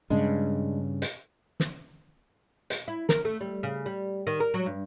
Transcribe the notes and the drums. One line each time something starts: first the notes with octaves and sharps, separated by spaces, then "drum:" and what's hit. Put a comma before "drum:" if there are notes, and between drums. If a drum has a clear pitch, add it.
G2 C#3 G#3 D4
drum: hi-hat
drum: snare
drum: hi-hat
E4
A#4, drum: snare
A3
G3
C#3
G3
D#3
A#4
F#3
G2